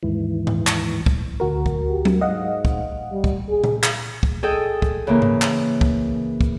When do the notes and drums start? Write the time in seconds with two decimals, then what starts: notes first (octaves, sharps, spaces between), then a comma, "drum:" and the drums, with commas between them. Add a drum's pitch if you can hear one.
0.03 D#2 G#2 E3
0.47 drum: tom G#2
0.67 drum: clap
1.06 drum: kick
1.40 D2 F#4 A#4
1.66 drum: kick
1.90 G4
2.05 drum: tom F#3
2.21 G#2 D#5 F5 F#5
2.65 drum: kick
3.11 G3
3.24 drum: kick
3.49 G#4
3.64 drum: tom A#2
3.83 drum: clap
4.23 drum: kick
4.43 G#4 A4 D#5 G5
4.82 drum: kick
5.07 C#3 E3 A#3 A#4
5.22 drum: tom G#2
5.42 drum: clap
5.81 drum: kick
6.41 drum: kick